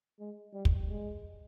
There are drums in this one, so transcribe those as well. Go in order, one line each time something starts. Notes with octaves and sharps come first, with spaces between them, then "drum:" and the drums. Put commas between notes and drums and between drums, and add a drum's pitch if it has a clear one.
G#3
G3
drum: kick
G#3